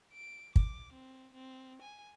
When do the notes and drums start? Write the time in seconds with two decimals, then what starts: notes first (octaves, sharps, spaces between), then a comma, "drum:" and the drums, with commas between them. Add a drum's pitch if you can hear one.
0.14 D7
0.56 D6, drum: kick
0.93 C4
1.34 C4
1.82 G#5